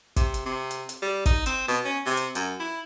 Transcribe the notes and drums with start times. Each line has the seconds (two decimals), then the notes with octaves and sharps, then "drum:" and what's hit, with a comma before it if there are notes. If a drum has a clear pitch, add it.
0.16 C3, drum: kick, hi-hat
0.34 drum: hi-hat
0.45 C3
0.71 drum: hi-hat
0.89 drum: hi-hat
1.02 G3
1.26 D#4, drum: kick, hi-hat
1.46 C4, drum: hi-hat
1.68 B2
1.85 C#4
2.06 C3
2.17 drum: hi-hat
2.35 F#2, drum: hi-hat
2.60 E4